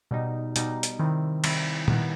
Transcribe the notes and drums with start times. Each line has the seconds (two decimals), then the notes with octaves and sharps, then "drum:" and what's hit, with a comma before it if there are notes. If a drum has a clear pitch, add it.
0.11 B2 G3 D#4
0.56 B2 G3 D#4, drum: hi-hat
0.83 drum: hi-hat
0.99 C3 D#3 G3 C4 E4
1.44 C3 D#3 G3 C4 E4, drum: cymbal
1.88 D#3 G3 B3 E4, drum: tom A#2